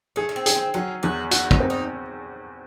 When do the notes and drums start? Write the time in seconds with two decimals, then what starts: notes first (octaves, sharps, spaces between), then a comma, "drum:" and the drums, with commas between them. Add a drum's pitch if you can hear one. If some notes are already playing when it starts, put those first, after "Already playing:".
0.16 A3 G#4
0.29 A3
0.36 C4
0.46 G#4, drum: hi-hat
0.55 C4
0.74 F#3 C#4
1.03 E2 F#4
1.31 E4 F#4, drum: hi-hat
1.51 D#4, drum: kick
1.60 C4
1.70 D#4